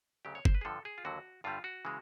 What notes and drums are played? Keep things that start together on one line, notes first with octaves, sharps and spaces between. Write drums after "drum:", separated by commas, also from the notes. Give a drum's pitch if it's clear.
D2 C#3 F#3 G4
C#5
C5, drum: kick
B4
G#4
G2 D3 F3 A4
G#4
F4
D#2 D3 F#3 F#4
G2 D3 G3 F4
F#4
C#3 E3 G#3